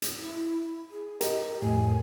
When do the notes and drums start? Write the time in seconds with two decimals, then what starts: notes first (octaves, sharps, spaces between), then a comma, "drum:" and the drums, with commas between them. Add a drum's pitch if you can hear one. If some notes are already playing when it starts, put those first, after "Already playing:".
0.02 drum: hi-hat
0.20 E4
0.91 G#4
1.21 G4 A#4 D#5, drum: hi-hat
1.62 F2 A2 G#5